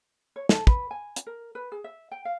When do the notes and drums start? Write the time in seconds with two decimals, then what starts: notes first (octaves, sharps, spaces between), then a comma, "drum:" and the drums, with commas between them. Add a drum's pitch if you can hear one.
0.36 C#5
0.49 A4, drum: snare
0.67 B4, drum: kick
0.91 G#5
1.16 drum: hi-hat
1.27 A#4
1.55 B4
1.72 G#4
1.84 E5
2.11 G5
2.25 F5